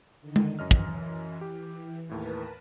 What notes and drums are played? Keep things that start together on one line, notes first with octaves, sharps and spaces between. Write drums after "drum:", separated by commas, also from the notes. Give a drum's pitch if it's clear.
D3 D#3 D#4
drum: tom G#3
F#2 E3 D#5 F6
drum: kick
G4
D#2 A2 E3 A#4 B4 A5